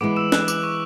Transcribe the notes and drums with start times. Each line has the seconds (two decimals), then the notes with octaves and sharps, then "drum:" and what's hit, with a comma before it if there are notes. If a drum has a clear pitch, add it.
0.01 E3 G#3 B3 D6 D7
0.16 E6 E7
0.32 F#6, drum: snare
0.48 D6, drum: tambourine
0.63 C#6